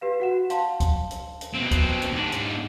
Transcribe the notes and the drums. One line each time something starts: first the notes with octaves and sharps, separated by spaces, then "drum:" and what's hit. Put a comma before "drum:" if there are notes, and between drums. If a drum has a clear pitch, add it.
G4 B4 F5
F#4 F#5 E7
F5 A5 C6, drum: hi-hat
drum: kick, hi-hat
drum: hi-hat
drum: hi-hat
B2 C4
drum: kick, hi-hat
drum: hi-hat
G#2 D4
drum: hi-hat